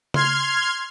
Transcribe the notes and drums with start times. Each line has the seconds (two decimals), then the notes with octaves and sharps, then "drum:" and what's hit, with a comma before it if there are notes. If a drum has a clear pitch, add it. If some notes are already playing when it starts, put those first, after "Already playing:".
0.14 C6 F6 G#6, drum: tom C#3